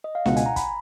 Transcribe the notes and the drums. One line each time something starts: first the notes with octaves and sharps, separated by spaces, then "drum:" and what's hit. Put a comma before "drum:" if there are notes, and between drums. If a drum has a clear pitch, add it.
D#5
F5
C#2 B2 G#3 F#5, drum: snare
G#5, drum: hi-hat
A#5
B5, drum: kick, hi-hat